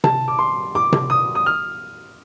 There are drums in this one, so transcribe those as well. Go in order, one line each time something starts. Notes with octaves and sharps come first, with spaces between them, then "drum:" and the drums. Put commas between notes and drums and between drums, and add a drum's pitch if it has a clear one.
A5, drum: tom C3
D6
C6
D6
drum: tom C3
D#6
D#6
F6